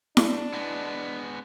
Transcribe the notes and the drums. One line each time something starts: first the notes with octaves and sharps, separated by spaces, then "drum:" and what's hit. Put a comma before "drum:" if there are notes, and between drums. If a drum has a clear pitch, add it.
D4, drum: snare E4
G#3 B3